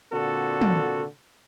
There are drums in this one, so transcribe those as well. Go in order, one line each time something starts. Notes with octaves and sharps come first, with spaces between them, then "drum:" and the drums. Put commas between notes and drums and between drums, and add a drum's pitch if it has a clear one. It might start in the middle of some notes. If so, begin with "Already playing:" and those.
A#2 D3 C4 F#4 A4
drum: tom